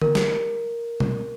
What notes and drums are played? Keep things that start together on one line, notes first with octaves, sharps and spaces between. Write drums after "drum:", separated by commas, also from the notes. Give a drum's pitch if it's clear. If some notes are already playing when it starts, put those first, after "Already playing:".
A#4, drum: tom D3
drum: snare
drum: tom